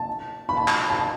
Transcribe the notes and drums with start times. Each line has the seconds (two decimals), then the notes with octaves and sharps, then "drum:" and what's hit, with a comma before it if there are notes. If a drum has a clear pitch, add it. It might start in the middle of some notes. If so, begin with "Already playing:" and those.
Already playing: A5
0.49 B5
0.57 A5
0.68 drum: clap
0.90 A5